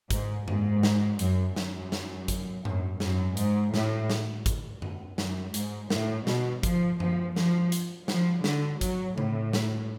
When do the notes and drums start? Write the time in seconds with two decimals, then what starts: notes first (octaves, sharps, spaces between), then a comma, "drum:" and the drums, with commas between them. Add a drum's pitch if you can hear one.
0.11 G#2, drum: kick, hi-hat
0.48 G#2, drum: tom F#2
0.83 drum: snare
1.19 F#2, drum: hi-hat
1.56 F#2, drum: snare
1.92 drum: snare
2.28 drum: kick, hi-hat
2.65 F#2, drum: tom G#2
3.00 F#2, drum: snare
3.37 G#2, drum: hi-hat
3.74 A2, drum: snare
4.10 drum: snare
4.46 drum: kick, hi-hat
4.82 drum: tom F#2
5.18 F#2, drum: snare
5.54 G#2, drum: hi-hat
5.90 A2, drum: snare
6.27 B2, drum: snare
6.63 F3, drum: kick, hi-hat
7.00 F3, drum: tom F#2
7.36 F3, drum: snare
7.72 drum: hi-hat
8.08 F3, drum: snare
8.44 D3, drum: snare
8.81 F#3, drum: kick, hi-hat
9.18 A2, drum: tom C#3
9.53 drum: snare